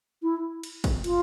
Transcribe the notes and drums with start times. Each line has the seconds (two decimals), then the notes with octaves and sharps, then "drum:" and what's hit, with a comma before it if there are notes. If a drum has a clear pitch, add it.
0.22 E4
0.63 drum: cymbal
0.84 drum: kick, cymbal
1.04 F4, drum: cymbal